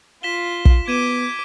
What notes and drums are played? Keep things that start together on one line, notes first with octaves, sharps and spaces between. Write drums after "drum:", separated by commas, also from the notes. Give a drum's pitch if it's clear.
F4 B6 E7 G7
drum: kick
B3 D6 G#6 D#7 E7